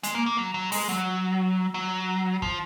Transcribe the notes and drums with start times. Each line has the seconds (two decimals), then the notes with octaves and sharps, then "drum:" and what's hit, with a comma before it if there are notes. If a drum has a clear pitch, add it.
0.03 G#3, drum: hi-hat
0.14 A#3
0.26 A#3
0.37 F#3
0.54 F#3
0.72 G#3, drum: open hi-hat
0.89 F#3
1.74 F#3
2.42 F3, drum: kick